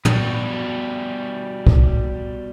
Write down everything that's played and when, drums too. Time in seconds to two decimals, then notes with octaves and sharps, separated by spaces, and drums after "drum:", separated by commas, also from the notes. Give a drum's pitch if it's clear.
0.05 B2 G3, drum: tom
1.67 drum: kick